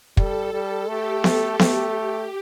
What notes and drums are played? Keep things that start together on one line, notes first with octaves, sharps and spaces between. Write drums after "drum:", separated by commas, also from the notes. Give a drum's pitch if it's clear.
G3 A4, drum: kick
G3
A3 G4
A4, drum: snare B3
A3 G4, drum: snare B3